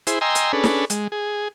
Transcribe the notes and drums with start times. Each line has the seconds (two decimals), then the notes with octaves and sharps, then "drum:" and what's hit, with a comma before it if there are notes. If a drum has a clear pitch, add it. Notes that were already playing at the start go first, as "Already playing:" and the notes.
0.07 E4 G#4 C5, drum: hi-hat
0.21 D#5 G5 G#5 A#5 C6 E6
0.35 drum: hi-hat
0.53 C#4 D4 G#4 A4 B4
0.64 drum: snare
0.90 G#3, drum: hi-hat
1.12 G#4